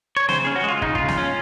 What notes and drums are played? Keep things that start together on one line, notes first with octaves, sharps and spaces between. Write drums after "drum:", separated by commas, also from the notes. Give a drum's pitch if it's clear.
C#5
C#3 C5, drum: snare
C#4 G#4
F#4
G#3 F4
C#3 D#4, drum: kick
C#3 F4, drum: kick
drum: snare
C#4